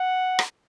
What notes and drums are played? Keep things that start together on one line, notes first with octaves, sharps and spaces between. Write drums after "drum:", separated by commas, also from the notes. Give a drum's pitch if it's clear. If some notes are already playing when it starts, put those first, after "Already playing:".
Already playing: F#5
drum: rim click